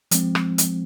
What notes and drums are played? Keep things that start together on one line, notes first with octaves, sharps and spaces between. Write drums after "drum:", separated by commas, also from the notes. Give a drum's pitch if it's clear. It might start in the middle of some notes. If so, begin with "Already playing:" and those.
F3 G#3 C4, drum: hi-hat
drum: rim click
drum: hi-hat